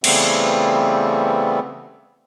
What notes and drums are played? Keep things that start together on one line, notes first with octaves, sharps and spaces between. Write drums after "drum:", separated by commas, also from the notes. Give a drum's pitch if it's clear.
C#3 E3 G3 A3 B3 C4, drum: cymbal